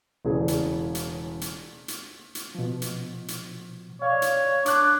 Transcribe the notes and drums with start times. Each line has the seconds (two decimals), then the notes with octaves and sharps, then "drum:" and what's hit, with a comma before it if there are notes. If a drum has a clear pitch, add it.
0.25 E1 C#3 E3 G#4
0.48 drum: hi-hat
0.95 drum: hi-hat
1.41 drum: hi-hat
1.88 drum: hi-hat
2.35 drum: hi-hat
2.55 B2 F3
2.82 drum: hi-hat
3.28 drum: hi-hat
4.02 C#5 D5 F5
4.22 drum: hi-hat
4.66 D4 D6 F#6, drum: hi-hat